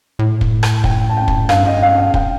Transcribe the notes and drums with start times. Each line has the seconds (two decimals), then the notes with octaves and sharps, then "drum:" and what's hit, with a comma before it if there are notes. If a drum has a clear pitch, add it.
0.19 A2
0.41 drum: kick
0.63 drum: rim click
0.84 G5, drum: kick
1.09 A5
1.17 G5
1.28 drum: kick
1.49 G2 F5, drum: rim click
1.66 D#5
1.82 F5
1.98 F5
2.14 G5, drum: kick